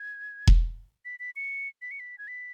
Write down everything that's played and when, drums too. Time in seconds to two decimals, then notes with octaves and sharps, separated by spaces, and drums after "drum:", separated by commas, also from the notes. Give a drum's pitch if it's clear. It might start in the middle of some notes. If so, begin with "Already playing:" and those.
Already playing: G#6
0.47 drum: kick E1
1.05 B6
1.20 B6
1.36 C#7
1.82 B6
1.91 C#7
2.00 B6
2.18 G#6
2.28 B6